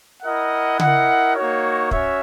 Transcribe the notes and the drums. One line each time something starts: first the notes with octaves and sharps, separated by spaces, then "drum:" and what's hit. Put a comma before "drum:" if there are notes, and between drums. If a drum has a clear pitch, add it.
E4 A#4 D#5 F#5
E4 A#4 D#5 F#5, drum: tom C#3
A#3 D#4 F#4 C#5
C#4 F#4 C#5 E5, drum: kick